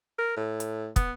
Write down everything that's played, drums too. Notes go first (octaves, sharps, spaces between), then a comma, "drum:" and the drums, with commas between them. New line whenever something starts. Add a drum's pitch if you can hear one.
A#4
A2
drum: hi-hat
B3, drum: kick, hi-hat